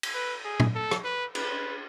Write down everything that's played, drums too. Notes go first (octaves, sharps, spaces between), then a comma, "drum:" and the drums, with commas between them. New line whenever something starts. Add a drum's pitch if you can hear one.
drum: cymbal
B4
G#4
drum: tom
A4
drum: rim click
B4
B4, drum: cymbal